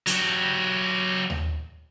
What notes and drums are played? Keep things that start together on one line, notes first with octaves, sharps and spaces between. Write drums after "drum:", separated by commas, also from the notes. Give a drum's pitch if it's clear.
F#3 G4, drum: hi-hat
drum: tom D#2